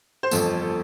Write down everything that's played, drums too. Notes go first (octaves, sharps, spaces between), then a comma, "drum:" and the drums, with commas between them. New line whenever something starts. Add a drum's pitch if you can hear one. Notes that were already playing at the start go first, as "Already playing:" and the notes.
C5
G1 F2 F3 A4, drum: tambourine
A4